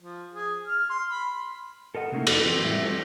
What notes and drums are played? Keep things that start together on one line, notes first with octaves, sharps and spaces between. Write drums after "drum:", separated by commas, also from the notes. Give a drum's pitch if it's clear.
F3
G#4
F6
C6
B5
C6
A4 A#4 D#5 F#5
C3 A3 A#3 C#4 D#4 E4
F2 D5, drum: cymbal
E3 F3 C4 F4 B4
A2 G3 E5
C4 D4 F4 A4 B4 C#5